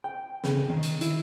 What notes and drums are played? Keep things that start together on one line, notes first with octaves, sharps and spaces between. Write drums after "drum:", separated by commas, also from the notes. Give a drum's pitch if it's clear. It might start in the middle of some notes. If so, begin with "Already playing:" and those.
G5
C#3, drum: snare
D#3
drum: hi-hat
E4, drum: hi-hat